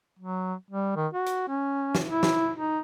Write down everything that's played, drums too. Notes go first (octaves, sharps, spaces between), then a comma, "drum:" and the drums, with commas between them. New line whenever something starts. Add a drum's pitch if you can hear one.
F#3
G3
D#3
F#4
drum: hi-hat
C#4
drum: snare
E4
drum: snare
D#4